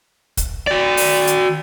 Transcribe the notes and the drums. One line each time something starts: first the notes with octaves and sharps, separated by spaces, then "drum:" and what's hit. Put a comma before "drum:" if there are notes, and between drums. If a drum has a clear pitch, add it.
drum: kick, hi-hat
F#4 D5
drum: open hi-hat
drum: hi-hat